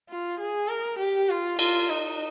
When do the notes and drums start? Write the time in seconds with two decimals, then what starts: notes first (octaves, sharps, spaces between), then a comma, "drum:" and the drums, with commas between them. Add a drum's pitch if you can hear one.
0.09 F4
0.39 G#4
0.69 A#4
0.99 G4
1.29 F4
1.59 F4, drum: cymbal
1.89 D#4